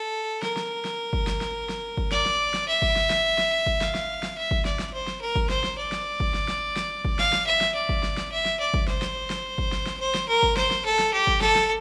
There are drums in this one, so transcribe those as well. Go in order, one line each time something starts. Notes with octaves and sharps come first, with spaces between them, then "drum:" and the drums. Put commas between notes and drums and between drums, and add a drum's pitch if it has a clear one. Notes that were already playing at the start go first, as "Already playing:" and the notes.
Already playing: A4
A#4, drum: snare
drum: snare
drum: snare
drum: kick G1
drum: snare
drum: snare
drum: snare
drum: kick G1
D5, drum: snare
drum: snare
drum: snare
E5
drum: kick G1
drum: snare
drum: snare
drum: snare
drum: kick G1
F5, drum: snare
drum: snare
drum: snare
E5
drum: kick G1
D5, drum: snare
drum: snare
C5
drum: snare
A#4
drum: kick G1
C5, drum: snare
drum: snare
D5
drum: snare
drum: kick G1
drum: snare
drum: snare
drum: snare
drum: kick G1
F5, drum: snare
drum: snare
E5
drum: snare
D5
drum: kick G1
drum: snare
drum: snare
E5
drum: snare
D5
drum: kick G1
C5, drum: snare
drum: snare
drum: snare
drum: kick G1
drum: snare
drum: snare
C5
drum: snare
A#4
drum: kick G1
C5, drum: snare
drum: snare
A4
drum: snare
G4
drum: kick G1
A4, drum: snare
drum: snare